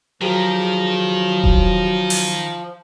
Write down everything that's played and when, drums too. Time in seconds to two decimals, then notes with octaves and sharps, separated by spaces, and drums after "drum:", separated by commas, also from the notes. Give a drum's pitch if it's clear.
0.21 D#3 F3 F#3 G4 G#4 A#4
1.44 drum: kick D#1
2.10 drum: open hi-hat